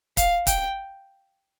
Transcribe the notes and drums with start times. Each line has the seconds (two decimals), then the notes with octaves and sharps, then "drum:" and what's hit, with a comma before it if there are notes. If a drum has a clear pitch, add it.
0.17 F5, drum: kick, hi-hat
0.47 G5, drum: kick, hi-hat